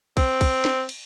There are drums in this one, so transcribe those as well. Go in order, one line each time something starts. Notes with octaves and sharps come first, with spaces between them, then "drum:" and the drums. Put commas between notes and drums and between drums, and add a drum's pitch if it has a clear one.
C4, drum: kick, cymbal
drum: kick, cymbal
drum: snare
drum: cymbal